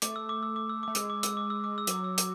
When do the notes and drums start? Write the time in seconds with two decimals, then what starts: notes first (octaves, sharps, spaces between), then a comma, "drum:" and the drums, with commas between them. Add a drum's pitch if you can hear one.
0.02 A3 D6, drum: hi-hat
0.16 E6
0.29 D6
0.43 E6
0.56 D6
0.69 E6
0.83 A3 D6
0.95 G#3 E6, drum: hi-hat
1.10 D6
1.23 E6, drum: hi-hat
1.37 D6
1.50 E6
1.64 D6
1.78 E6
1.87 F#3 D6, drum: hi-hat
2.04 E6
2.18 D6, drum: hi-hat